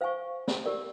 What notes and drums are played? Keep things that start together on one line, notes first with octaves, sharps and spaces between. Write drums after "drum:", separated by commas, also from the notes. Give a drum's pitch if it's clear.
C5 F5 G#5 C#6
drum: snare
G4 A#4 D5